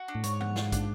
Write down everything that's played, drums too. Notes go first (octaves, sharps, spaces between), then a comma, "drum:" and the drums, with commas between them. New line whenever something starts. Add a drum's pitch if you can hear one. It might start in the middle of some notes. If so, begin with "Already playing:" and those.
Already playing: F#4
D4
A2
G#2 C#5, drum: hi-hat
F#5, drum: tom E3
F4, drum: snare
D4, drum: kick, hi-hat